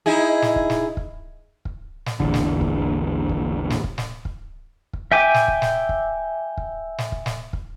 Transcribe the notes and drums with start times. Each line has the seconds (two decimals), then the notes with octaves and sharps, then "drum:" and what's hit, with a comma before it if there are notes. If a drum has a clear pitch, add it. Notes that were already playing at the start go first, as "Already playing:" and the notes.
0.06 D#4 E4 G#4
0.42 drum: snare
0.56 drum: kick
0.70 drum: snare
0.97 drum: kick
1.65 drum: kick
2.06 drum: snare
2.20 A#1 E2 D3, drum: kick
2.34 drum: snare
2.61 drum: kick
3.29 drum: kick
3.70 drum: snare
3.84 drum: kick
3.98 drum: snare
4.25 drum: kick
4.93 drum: kick
5.12 E5 G5 G#5 D6
5.34 drum: snare
5.48 drum: kick
5.62 drum: snare
5.89 drum: kick
6.57 drum: kick
6.98 drum: snare
7.12 drum: kick
7.26 drum: snare
7.53 drum: kick